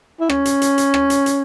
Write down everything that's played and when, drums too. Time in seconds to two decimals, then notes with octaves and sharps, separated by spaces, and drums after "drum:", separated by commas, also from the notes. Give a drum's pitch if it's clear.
0.20 E4
0.30 C#4, drum: rim click
0.45 drum: hi-hat
0.62 drum: hi-hat
0.78 drum: hi-hat
0.94 drum: rim click
1.10 drum: hi-hat
1.26 drum: hi-hat